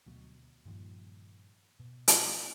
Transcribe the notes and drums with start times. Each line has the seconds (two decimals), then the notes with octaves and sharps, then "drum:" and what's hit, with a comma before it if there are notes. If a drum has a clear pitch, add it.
0.06 D2 B2 F#3
0.65 G2 A#2 D#3 F3
1.80 B2
2.08 drum: hi-hat